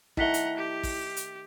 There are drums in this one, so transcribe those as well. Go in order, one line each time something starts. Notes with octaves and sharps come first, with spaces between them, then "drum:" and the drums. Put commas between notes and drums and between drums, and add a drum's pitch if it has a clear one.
D#3 A3 E4 F#5 A#5 B6 G7, drum: kick
drum: hi-hat
G4
drum: kick, open hi-hat
drum: hi-hat